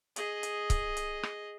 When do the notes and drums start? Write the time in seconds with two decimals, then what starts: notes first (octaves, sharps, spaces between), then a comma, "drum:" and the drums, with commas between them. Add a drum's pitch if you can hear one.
0.16 G#4 D#5, drum: hi-hat
0.43 drum: hi-hat
0.70 drum: kick C#1, hi-hat
0.97 drum: hi-hat
1.23 drum: rim click